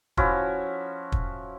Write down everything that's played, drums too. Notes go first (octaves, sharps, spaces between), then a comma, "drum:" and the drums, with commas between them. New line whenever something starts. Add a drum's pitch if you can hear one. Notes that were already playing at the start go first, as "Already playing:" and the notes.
F3 C#4 E4 F#4, drum: kick
drum: kick